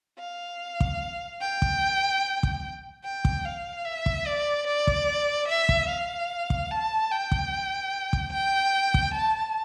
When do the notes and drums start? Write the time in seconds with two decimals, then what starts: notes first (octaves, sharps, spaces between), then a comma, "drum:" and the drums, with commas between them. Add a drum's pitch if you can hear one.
0.19 F5
0.81 drum: kick
1.41 G5
1.62 drum: kick
2.43 drum: kick
3.04 G5
3.25 drum: kick
3.45 F5
3.85 E5
4.06 drum: kick
4.26 D5
4.67 D5
4.87 drum: kick
5.48 E5
5.69 drum: kick
5.89 F5
6.50 drum: kick
6.71 A5
7.12 G5
7.32 drum: kick
8.13 drum: kick
8.33 G5
8.94 drum: kick
9.14 A5